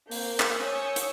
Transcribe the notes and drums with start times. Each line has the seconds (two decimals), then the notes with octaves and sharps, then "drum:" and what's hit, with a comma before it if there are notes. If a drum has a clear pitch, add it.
0.11 A#3 C4 G6, drum: open hi-hat
0.40 drum: clap
0.61 C#5 G#5 C#6 D#6 E6 G6
0.96 drum: hi-hat